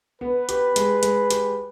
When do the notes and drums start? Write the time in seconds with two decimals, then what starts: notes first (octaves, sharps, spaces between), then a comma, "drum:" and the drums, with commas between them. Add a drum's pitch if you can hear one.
0.21 B3 B4
0.49 G4, drum: hi-hat
0.76 G#3, drum: hi-hat
1.03 G#3, drum: hi-hat
1.31 G4, drum: hi-hat